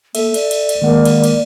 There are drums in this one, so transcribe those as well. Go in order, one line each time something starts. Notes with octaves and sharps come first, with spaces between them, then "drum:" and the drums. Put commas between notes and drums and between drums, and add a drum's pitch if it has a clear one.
A#3 A4 E5, drum: cymbal
D5, drum: cymbal
drum: cymbal
drum: cymbal
D#3 G#3 A#3 F#5
drum: cymbal
drum: cymbal